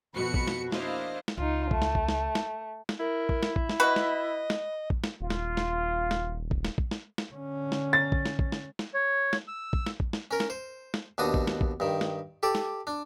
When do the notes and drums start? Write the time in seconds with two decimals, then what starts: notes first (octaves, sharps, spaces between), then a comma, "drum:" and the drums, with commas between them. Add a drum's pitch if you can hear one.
0.14 F2 B2 F#4 B5 C#7
0.34 drum: kick
0.48 drum: snare
0.72 A#3 D4 E4 C5 D#5 F5, drum: snare
1.28 drum: snare
1.37 C#2 D#4 F4
1.71 A3, drum: kick
1.82 drum: snare
1.95 drum: kick
2.09 drum: snare
2.35 drum: snare
2.89 drum: snare
3.00 E4 A#4
3.29 drum: kick
3.43 drum: snare
3.56 drum: kick
3.69 drum: snare
3.80 F#4 B4 D#5
3.96 drum: snare
4.50 drum: snare
4.90 drum: kick
5.04 drum: snare
5.21 D#1 F4
5.30 drum: snare
5.57 drum: snare
6.11 drum: snare
6.51 drum: kick
6.65 drum: snare
6.78 drum: kick
6.91 drum: snare
7.18 drum: snare
7.32 D3 C#4
7.72 drum: snare
7.93 A6
8.12 drum: kick
8.26 drum: snare
8.39 drum: kick
8.52 drum: snare
8.79 drum: snare
8.94 C#5
9.33 drum: snare
9.48 E6
9.73 drum: kick
9.86 drum: snare
10.00 drum: kick
10.13 drum: snare
10.31 C#4 A#4
10.40 drum: snare
10.50 C5
10.94 drum: snare
11.18 D#2 B2 D4 F#4 D#6
11.34 drum: kick
11.47 drum: snare
11.61 drum: kick
11.80 G2 D#3
12.01 drum: snare
12.43 G4 A4 D5
12.55 drum: snare
12.87 D4